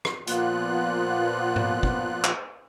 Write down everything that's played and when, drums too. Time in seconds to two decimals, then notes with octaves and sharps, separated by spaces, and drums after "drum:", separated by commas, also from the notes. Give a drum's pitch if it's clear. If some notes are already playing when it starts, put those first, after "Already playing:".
0.05 drum: rim click
0.27 A#2 F3 A#3 B3 F4 F#6, drum: hi-hat
1.56 drum: tom G#2
1.83 drum: kick
2.24 drum: clap